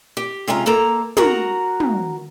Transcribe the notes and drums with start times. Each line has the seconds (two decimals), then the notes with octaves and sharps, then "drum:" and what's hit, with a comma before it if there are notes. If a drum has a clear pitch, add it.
0.17 G4
0.47 C3 G#3 C#4 F4 A#5
0.66 G#3 A#3 A4 A#5
1.17 F#4 A#4 F#5 A#5, drum: tom
1.80 drum: tom